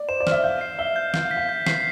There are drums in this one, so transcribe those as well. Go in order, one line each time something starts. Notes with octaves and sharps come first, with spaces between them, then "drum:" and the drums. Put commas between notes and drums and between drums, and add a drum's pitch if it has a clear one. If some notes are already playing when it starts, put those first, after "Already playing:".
Already playing: D5
C5 E7
D5
E5 F6, drum: snare
F5 G6
C7
E5 G7
G6
F5 G6, drum: snare
F5
B6
F5
G6
C7, drum: snare